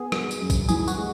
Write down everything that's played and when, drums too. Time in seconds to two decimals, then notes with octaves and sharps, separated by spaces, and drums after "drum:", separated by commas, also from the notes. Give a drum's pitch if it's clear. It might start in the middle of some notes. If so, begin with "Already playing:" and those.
Already playing: B3 G#4
0.12 F#4, drum: rim click
0.31 drum: tambourine
0.41 F#2
0.50 drum: kick, tambourine
0.69 E3 G#4, drum: tambourine
0.88 F#4, drum: tambourine
0.98 G#3